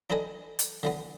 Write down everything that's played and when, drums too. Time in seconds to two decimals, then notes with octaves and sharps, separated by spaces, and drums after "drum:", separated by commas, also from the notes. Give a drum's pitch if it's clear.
0.10 D4 D#4 A4 B4 D#5 G#5
0.59 drum: hi-hat
0.83 D3 E3 B3